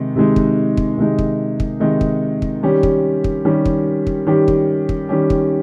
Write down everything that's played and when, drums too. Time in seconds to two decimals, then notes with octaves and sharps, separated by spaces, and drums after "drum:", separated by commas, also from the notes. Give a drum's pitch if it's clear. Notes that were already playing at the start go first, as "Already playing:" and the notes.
Already playing: C3 D#3 G#3 D#4
0.15 C3 D#3 G#3 D#4
0.36 drum: kick
0.77 drum: kick
0.98 C3 D#3 G#3 D#4
1.19 drum: kick
1.60 drum: kick
1.80 C3 D#3 G#3 D#4
2.01 drum: kick
2.42 drum: kick
2.63 D#3 G3 C#4 G4
2.83 drum: kick
3.24 drum: kick
3.45 D#3 G3 C#4 G4
3.66 drum: kick
4.07 drum: kick
4.27 D#3 G3 C#4 G4
4.48 drum: kick
4.89 drum: kick
5.09 D#3 G3 C#4 G4
5.30 drum: kick